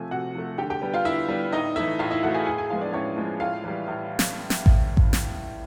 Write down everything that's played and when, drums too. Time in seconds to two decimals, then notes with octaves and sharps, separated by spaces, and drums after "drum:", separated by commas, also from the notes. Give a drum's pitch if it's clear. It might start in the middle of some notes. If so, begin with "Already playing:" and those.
Already playing: C3 F3 A3 G#5
0.11 C3 F#4 F#5
0.35 F3 A3
0.58 D3 G4 G5
0.70 G4 G5
0.82 G3 B3
0.94 F4 F5
1.05 D3 E4 E5
1.28 G3 B3
1.52 A2 D#4 D#5
1.76 E3 A3 E4 E5
1.99 A2 F4 F5
2.11 E4 E5
2.23 E3 A3 F#4 F#5
2.34 G#4 G#5
2.46 A2 G#4 G#5
2.58 G#4 G#5
2.70 F3 G#3 B3 F4 F5
2.81 D4 D5
2.93 A2 C#4 C#5
3.17 F3 G#3 B3
3.40 A2 F4 F5
3.64 E3 G3
3.88 A2
4.19 drum: snare
4.50 drum: snare
4.66 drum: kick A1
4.97 drum: kick A1
5.13 drum: snare